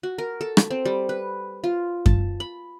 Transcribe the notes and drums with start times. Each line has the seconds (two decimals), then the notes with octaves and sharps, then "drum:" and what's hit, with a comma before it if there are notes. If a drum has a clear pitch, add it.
0.03 F#4
0.18 A#4
0.41 A4
0.57 drum: rim click
0.70 C4
0.85 G3
1.09 B4
1.64 F4
2.06 A5, drum: kick F#2
2.40 B5